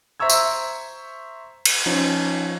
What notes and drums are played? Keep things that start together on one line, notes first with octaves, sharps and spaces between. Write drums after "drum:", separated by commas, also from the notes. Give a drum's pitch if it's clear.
C5 E5 A#5 C#6 E6 G#6
drum: tambourine
drum: cymbal
F3 C#4 D#4